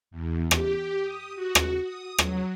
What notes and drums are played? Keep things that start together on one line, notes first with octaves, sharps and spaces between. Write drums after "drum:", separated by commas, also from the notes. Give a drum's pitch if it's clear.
E2
G4, drum: rim click
D#6
F#4
drum: rim click
D#6
F#3, drum: rim click